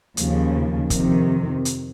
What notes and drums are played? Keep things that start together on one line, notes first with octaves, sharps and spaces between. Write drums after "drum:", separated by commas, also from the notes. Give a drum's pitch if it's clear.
D#2 C#3 F3, drum: hi-hat
F2 C3 D#3, drum: kick, hi-hat
drum: hi-hat